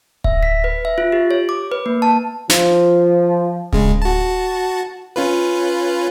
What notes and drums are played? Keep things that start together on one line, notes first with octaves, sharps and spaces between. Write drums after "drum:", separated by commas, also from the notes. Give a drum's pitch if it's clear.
E5, drum: kick D1
B6
B4
E5
F4
G4
C#5
D6
B4
A#3
A5
F3, drum: snare
C#3 G#3, drum: kick D1
F#4 A5
C#4 F4 B4